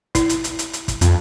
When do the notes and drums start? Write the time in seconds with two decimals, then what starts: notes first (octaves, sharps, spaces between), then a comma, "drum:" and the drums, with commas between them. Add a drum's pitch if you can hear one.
0.15 E4, drum: kick, hi-hat
0.29 drum: hi-hat
0.44 drum: hi-hat
0.59 drum: hi-hat
0.73 drum: hi-hat
0.88 drum: kick, hi-hat
1.01 F2, drum: hi-hat